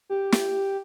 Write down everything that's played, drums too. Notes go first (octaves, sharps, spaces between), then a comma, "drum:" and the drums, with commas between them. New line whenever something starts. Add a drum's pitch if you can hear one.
G4
drum: snare